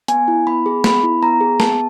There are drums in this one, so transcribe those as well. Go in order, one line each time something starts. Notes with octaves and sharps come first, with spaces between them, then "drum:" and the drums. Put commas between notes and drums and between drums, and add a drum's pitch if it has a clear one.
B3 G#5, drum: hi-hat
E4
B3 B5
G#4
B3 B5, drum: snare
E4
B3 A#5
G#4
B3 A5, drum: snare